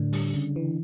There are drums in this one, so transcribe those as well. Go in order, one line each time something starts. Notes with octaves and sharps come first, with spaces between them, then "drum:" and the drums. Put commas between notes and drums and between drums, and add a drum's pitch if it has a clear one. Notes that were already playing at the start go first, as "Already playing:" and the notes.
Already playing: A2 D3
G3, drum: open hi-hat
C#3
E3